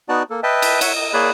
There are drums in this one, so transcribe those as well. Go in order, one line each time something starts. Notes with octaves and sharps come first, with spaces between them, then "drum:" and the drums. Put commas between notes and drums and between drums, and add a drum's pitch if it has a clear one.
B3 D#4 F#4 D5 A5
A#3 A4
B4 D#5 E5 G5 A5
drum: cymbal
C#5 E5 F#5, drum: cymbal
D#5
A#3 G#4 C#5 D5 B5 F#6